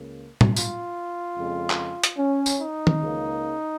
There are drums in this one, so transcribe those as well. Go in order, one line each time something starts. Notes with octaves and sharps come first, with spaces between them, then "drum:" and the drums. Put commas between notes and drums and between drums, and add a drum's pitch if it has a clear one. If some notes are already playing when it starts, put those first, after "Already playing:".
Already playing: C#2 C#3 A#3
drum: tom A2
F4, drum: tambourine
F2 C#3 G#3
drum: clap
drum: hi-hat
C#4
drum: tambourine
D#4
drum: tom D#3
C#2 C#3 A#3